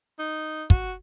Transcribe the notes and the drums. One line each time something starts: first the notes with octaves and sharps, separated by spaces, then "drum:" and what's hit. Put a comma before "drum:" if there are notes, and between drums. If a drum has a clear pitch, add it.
D#4
F#4, drum: kick